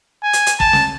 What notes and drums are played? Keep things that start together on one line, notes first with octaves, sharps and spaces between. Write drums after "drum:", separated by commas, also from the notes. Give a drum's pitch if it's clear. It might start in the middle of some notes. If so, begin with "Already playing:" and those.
G#5
drum: hi-hat
drum: hi-hat
A5, drum: kick
drum: snare